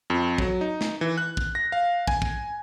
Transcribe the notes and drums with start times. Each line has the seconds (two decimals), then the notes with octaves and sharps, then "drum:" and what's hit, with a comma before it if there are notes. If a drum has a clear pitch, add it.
0.10 F2
0.38 F#3, drum: kick
0.61 D#4
0.81 drum: snare
1.01 E3
1.18 F#6
1.37 drum: kick
1.55 A#6
1.72 F5
2.07 G#5, drum: kick
2.22 drum: kick